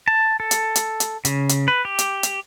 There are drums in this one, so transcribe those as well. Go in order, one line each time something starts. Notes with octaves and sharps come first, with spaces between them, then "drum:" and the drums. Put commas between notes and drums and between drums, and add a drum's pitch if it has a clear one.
A5
A4
drum: hi-hat
drum: hi-hat
drum: hi-hat
C#3, drum: hi-hat
drum: hi-hat
B4
G4
drum: hi-hat
drum: hi-hat